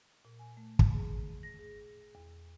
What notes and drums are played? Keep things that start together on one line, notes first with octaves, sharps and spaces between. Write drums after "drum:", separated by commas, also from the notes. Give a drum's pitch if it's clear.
A#2
G#5
A3
drum: kick
G#4
A#6
G#4
E2